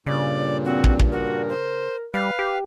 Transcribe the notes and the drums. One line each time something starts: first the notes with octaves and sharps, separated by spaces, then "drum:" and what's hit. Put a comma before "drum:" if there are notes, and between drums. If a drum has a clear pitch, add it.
G2 A#2 C#3 D5
C4 F#4
drum: kick
drum: kick
F#4 A#4
C5
G3 B4 F5
G4